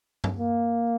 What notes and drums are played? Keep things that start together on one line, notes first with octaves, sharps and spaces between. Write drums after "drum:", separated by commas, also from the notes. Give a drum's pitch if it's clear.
drum: tom G2
A#3